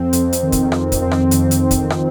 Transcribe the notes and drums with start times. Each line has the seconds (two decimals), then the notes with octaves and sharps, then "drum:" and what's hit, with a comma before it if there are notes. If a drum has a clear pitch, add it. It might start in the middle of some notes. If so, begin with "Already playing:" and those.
Already playing: F2 C4
0.13 F2, drum: hi-hat
0.33 drum: hi-hat
0.43 D#3
0.52 drum: kick, hi-hat
0.72 F2, drum: rim click
0.92 drum: kick, hi-hat
1.02 C4
1.11 drum: rim click
1.31 F2, drum: hi-hat
1.51 drum: hi-hat
1.71 drum: kick, hi-hat
1.90 drum: rim click